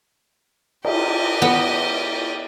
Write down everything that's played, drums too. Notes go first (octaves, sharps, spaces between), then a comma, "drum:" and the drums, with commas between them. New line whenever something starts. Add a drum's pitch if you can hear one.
G4 D#5, drum: cymbal
B3